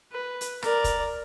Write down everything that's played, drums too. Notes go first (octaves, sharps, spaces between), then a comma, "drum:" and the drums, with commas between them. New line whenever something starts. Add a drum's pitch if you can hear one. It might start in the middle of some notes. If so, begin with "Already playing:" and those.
B4
drum: hi-hat
A#4 D5, drum: rim click
drum: kick, hi-hat